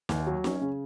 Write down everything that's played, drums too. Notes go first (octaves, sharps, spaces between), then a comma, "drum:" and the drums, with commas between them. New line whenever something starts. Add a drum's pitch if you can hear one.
D#2, drum: snare
F#3
C#4, drum: snare
C#3